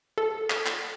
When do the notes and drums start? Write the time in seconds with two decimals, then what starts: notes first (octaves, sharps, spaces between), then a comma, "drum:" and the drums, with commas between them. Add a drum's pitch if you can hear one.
0.18 A4
0.50 drum: clap
0.66 drum: clap